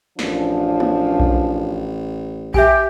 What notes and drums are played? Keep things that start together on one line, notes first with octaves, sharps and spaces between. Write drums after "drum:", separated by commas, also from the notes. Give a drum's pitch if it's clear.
A1 F#2 F3 D4, drum: snare
drum: tom
drum: kick A#1
G4 E5 G#5, drum: kick A#1